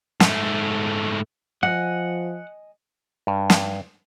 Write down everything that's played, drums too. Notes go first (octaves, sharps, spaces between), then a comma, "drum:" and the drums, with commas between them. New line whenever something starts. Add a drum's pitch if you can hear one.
G#2 A3, drum: snare
F3 D#5 F#5 G#5
G2
drum: snare